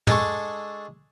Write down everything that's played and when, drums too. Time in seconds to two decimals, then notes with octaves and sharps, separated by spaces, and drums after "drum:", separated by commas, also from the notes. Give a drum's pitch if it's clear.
0.07 G#3 D4 G#4 A4 A5 C#6, drum: tom